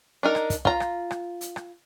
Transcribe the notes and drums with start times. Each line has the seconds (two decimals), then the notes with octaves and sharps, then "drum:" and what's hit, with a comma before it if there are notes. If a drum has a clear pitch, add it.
0.23 D4 D#4 A#4
0.35 drum: rim click
0.50 drum: kick, hi-hat
0.65 F4 A#5, drum: kick
0.80 drum: rim click
1.11 drum: rim click
1.41 drum: hi-hat
1.56 drum: rim click